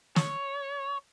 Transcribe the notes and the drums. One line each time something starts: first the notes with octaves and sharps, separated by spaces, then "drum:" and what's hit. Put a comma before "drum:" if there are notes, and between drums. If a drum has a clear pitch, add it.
C#5, drum: snare